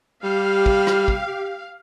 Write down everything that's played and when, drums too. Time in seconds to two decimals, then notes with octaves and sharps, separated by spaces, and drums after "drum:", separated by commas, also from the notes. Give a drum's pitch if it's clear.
0.24 G3 G4 F5
0.66 drum: kick
0.87 drum: rim click
1.08 drum: kick